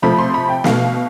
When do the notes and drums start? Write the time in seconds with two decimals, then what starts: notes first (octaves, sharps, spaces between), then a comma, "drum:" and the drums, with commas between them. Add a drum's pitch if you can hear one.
0.02 C3 F3 A3 B5
0.18 C6
0.34 B5
0.49 G5
0.64 B2 A3 F5, drum: snare